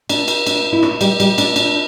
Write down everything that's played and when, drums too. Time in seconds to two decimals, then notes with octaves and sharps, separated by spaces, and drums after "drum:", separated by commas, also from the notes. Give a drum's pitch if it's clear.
0.09 D4, drum: cymbal
0.28 drum: cymbal
0.47 D4, drum: cymbal
0.73 E4
0.83 D4, drum: rim click
1.01 G3, drum: cymbal
1.20 G3, drum: cymbal
1.38 D4, drum: cymbal
1.56 D4, drum: cymbal